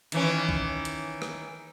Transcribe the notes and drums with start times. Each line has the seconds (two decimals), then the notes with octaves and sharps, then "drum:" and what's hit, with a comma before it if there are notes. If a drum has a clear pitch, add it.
0.12 D#3 E3 C#4, drum: hi-hat
0.49 drum: kick
0.85 drum: hi-hat
1.22 drum: rim click